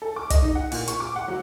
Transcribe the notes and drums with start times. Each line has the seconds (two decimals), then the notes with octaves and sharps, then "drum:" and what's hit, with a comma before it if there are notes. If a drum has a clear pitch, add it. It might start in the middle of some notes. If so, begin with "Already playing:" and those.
0.02 A4
0.16 D6
0.30 D#5, drum: kick, hi-hat
0.42 D#4
0.55 F#5
0.72 A#2, drum: open hi-hat
0.88 C#6, drum: hi-hat
1.00 D6
1.16 F#5
1.28 F#3